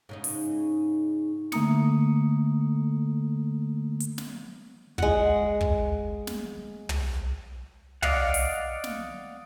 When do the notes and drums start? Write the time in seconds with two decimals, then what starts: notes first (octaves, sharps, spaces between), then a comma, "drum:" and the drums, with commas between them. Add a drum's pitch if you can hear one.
0.09 G#2 C#3 D#4
0.24 drum: open hi-hat
1.52 D3 A3 A#3 A#5 D#6 C#7, drum: snare
4.00 drum: hi-hat
4.18 drum: snare
4.98 G#3 F#5, drum: kick
5.61 drum: kick
6.27 drum: snare
6.89 drum: tom
8.02 D5 D#5 F5 F#5, drum: tom
8.34 drum: open hi-hat
8.84 drum: snare